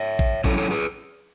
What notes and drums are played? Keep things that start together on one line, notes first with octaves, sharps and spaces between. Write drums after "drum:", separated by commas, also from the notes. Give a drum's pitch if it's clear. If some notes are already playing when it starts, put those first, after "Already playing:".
Already playing: C#5 E5
drum: kick A1
F#3 C#4 E4 A4 C#5, drum: kick A1
A4 C#5
G#4 B4